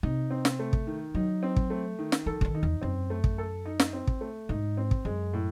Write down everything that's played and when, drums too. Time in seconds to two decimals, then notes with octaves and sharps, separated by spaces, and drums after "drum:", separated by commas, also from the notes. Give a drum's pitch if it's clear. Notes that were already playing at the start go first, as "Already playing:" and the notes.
0.03 C3 D#4
0.31 C4
0.45 drum: snare
0.59 A3
0.73 drum: kick
0.87 D#3
1.15 F#3 D#4
1.43 C4
1.56 drum: kick
1.70 A3
1.99 D#3
2.12 drum: snare
2.26 E3 A4
2.41 C#3, drum: kick
2.45 D#3
2.55 D#4
2.63 E2
2.81 F#2 C4
3.10 A3
3.24 drum: kick
3.38 A4
3.65 D#4
3.80 drum: snare
3.93 C4
4.07 drum: kick
4.21 A3
4.49 G#2 D#4
4.77 C4
4.91 drum: kick
5.05 F#2 G#3
5.34 A2